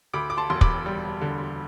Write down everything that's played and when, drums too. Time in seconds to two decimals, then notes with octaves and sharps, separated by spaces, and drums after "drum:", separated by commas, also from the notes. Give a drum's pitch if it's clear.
0.14 D2 B5 D6
0.30 D6
0.37 A5 C6
0.50 E1 C6
0.61 B5 D6, drum: kick
0.86 G3
1.21 D3